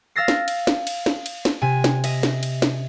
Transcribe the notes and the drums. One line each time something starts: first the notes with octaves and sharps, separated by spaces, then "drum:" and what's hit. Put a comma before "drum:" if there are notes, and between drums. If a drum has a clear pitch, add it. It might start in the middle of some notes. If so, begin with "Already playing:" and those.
F5 E6 A6 A#6 C7
drum: snare
drum: cymbal
drum: snare
drum: cymbal
drum: snare
drum: cymbal
drum: snare
C3 G#5
drum: snare
D#5 E5, drum: cymbal
drum: snare
drum: cymbal
drum: snare